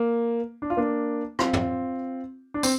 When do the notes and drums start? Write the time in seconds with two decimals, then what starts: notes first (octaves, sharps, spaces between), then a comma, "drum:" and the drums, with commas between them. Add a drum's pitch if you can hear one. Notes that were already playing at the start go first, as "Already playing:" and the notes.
Already playing: A#3
0.62 D4
0.70 F4
0.77 A#3 D4
1.39 C4 F4, drum: rim click
1.53 drum: tom
2.54 D4
2.63 C4, drum: tambourine